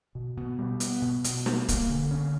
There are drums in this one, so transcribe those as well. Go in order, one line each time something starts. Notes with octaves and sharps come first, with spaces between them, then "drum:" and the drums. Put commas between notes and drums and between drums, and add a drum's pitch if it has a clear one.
B2
B2
G3
B3, drum: hi-hat
B2
B2, drum: hi-hat
G3, drum: snare
A#3, drum: kick C#1, hi-hat
D3
C#4